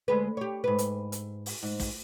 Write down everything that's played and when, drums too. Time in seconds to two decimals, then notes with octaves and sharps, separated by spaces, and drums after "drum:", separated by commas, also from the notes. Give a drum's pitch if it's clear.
0.08 D2 G#3 B4
0.37 G4 C#5
0.64 G#2 B4
0.78 drum: hi-hat
1.12 drum: hi-hat
1.46 drum: open hi-hat
1.63 G#2
1.80 drum: kick, open hi-hat